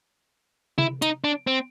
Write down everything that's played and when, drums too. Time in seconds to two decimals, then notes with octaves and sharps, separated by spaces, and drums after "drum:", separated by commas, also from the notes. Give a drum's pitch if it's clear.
0.78 E4, drum: tom C3
1.02 D#4, drum: hi-hat
1.24 D4
1.47 C4